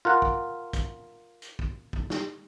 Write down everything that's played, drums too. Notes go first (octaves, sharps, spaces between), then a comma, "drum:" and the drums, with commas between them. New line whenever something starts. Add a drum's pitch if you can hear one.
F4 A#4 F#5
drum: kick
drum: kick, hi-hat
drum: hi-hat
drum: kick
drum: kick
drum: snare